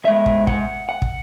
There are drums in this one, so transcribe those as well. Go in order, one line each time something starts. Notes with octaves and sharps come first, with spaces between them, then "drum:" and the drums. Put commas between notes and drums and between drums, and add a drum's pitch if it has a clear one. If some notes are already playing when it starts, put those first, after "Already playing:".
A2 G#3 E5
drum: kick
F#5, drum: kick
F#5
drum: kick